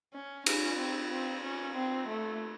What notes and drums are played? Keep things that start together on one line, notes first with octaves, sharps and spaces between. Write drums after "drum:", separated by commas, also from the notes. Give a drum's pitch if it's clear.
C#4
C#4, drum: cymbal
C4
C4
C#4
C4
A3